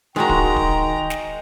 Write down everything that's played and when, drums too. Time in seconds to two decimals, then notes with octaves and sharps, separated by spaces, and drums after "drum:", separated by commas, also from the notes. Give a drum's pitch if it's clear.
0.16 D#3 G#3 F#4 G5 A#5
0.29 drum: kick
0.56 drum: kick
1.10 drum: snare